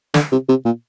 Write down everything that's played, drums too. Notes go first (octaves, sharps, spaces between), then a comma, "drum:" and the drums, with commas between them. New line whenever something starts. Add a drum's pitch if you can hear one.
D3, drum: snare
C3
C3
A#2